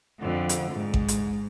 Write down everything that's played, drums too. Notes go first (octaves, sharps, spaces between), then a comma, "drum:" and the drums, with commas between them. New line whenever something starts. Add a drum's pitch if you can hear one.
F2 D3
drum: hi-hat
G#2
drum: kick A1
drum: hi-hat